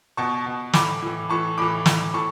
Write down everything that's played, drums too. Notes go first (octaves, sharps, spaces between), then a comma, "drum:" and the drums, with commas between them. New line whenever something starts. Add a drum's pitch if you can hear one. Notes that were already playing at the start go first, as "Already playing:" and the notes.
B2 A5 C#6
B2
A2 E3 B5 D6, drum: snare
A2 E3
A2 E3 A5 C#6
A2 E3 B5 D6
A2 E3, drum: snare
A2 A5 C#6